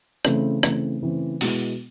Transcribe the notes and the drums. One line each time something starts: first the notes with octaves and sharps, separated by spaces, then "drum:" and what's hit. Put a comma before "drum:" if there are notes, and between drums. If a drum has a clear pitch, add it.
C#3 E3 A3 C4, drum: rim click
C#3 E3 A3 C4, drum: rim click
C#3 E3 A3 C4
B2 G#3 B3 E4, drum: open hi-hat